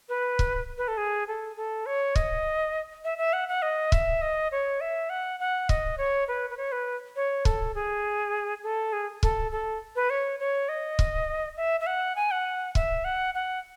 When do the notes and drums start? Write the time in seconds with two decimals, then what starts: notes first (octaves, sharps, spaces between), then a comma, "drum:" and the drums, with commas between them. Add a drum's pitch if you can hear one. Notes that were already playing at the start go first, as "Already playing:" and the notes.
0.09 B4
0.39 drum: kick
0.78 B4
0.88 A4
0.97 G#4
1.28 A4
1.57 A4
1.86 C#5
2.16 D#5, drum: kick
3.05 E5
3.18 E5
3.33 F#5
3.48 F#5
3.62 D#5
3.92 E5, drum: kick
4.22 D#5
4.52 C#5
4.81 E5
5.10 F#5
5.40 F#5
5.69 D#5, drum: kick
5.98 C#5
6.28 B4
6.50 B4
6.57 C#5
6.72 B4
7.16 C#5
7.45 A4, drum: kick
7.75 G#4
8.63 A4
8.93 G#4
9.23 A4, drum: kick
9.52 A4
9.96 B4
10.10 C#5
10.40 C#5
10.69 D#5
10.99 drum: kick
11.57 E5
11.80 E5
11.87 F#5
12.16 G#5
12.31 F#5
12.75 E5, drum: kick
13.05 F#5
13.35 F#5